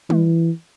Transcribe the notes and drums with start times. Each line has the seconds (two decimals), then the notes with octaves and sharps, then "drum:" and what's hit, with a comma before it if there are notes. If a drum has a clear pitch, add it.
0.10 E3, drum: tom G3